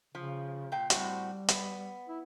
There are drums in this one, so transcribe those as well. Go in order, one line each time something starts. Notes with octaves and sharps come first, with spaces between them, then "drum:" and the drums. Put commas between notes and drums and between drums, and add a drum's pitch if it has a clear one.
C#3 F3
A#2 F5 G5
A2 G3 C4 F#4, drum: hi-hat
B3, drum: hi-hat
E4